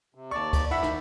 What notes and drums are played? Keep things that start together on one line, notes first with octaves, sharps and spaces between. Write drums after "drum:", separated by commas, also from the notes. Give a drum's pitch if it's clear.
C3
D#2 D5 A5 C#6
drum: kick C#2, cymbal
D2 E4 E5 F#5 B5
D#3, drum: rim click